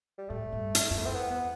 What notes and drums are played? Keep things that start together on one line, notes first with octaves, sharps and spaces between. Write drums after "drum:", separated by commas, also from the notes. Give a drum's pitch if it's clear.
G3
A2 A3
G2
drum: hi-hat
F#2
E2 A3
C4
B3
B3